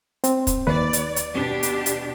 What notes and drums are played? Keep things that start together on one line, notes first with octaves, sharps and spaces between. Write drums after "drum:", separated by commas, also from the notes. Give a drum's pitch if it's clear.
C4, drum: hi-hat
drum: kick, hi-hat
D#2 B4 D5
drum: hi-hat
drum: hi-hat
B2 D4 G4
drum: hi-hat
drum: hi-hat